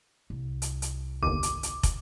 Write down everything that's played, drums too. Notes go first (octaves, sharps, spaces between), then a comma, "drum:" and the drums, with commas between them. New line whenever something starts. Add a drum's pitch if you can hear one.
C2
drum: hi-hat
drum: hi-hat
G1 D#2 D6
drum: hi-hat
drum: hi-hat
drum: kick, hi-hat